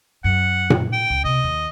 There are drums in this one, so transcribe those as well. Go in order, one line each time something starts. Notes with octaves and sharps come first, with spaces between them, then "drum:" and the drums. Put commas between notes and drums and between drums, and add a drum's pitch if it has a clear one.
F#2 F#5
drum: tom A#2
G5
C#2
C3 D#5
D#2